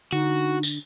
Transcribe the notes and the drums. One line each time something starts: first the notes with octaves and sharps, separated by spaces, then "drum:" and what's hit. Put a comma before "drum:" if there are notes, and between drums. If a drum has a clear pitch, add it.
D3 D#4 F#4
drum: tambourine